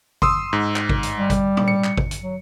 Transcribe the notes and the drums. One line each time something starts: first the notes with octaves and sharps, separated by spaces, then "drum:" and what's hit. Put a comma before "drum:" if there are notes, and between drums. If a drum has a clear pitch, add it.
C6 D#6 E6, drum: kick G#1
G#2
drum: clap
drum: kick G#1
drum: hi-hat
G3
drum: kick G#1, hi-hat
drum: tom A2
C#7
drum: clap
drum: kick G#1
drum: hi-hat
F#3